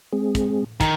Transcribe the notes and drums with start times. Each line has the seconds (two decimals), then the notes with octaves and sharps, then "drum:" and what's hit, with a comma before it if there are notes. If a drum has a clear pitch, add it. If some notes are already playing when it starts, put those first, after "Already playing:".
0.13 G#3 C4 G#4
0.35 drum: kick, hi-hat
0.81 D#3 G#6, drum: kick, hi-hat